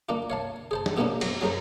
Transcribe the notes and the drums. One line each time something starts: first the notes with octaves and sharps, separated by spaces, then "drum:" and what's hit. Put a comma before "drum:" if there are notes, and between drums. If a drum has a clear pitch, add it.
A#3 D4 F4
C#5 F5 A5
G#4 C5 A5
drum: snare
G#2 B2 A#3 B3 C#4 D4
F#3, drum: cymbal
F#3 C#4 G#4 A#4 C5